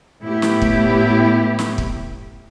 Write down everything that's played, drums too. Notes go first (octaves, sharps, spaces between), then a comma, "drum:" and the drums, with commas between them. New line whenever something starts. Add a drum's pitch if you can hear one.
A2 B3 E4 G4
drum: snare
drum: kick
drum: snare
drum: kick